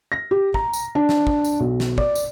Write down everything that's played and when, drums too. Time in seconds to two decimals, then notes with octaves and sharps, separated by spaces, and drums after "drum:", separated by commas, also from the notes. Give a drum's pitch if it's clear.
0.12 A#6
0.31 G4
0.54 A#5, drum: kick
0.73 drum: tambourine
0.95 D4
1.09 drum: snare
1.27 drum: kick
1.44 drum: tambourine
1.60 B1
1.80 drum: snare
1.98 D5, drum: kick
2.15 drum: tambourine